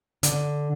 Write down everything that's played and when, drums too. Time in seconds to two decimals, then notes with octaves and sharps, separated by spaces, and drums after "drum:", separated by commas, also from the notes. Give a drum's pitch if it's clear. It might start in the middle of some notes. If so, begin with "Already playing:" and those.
0.23 D3, drum: hi-hat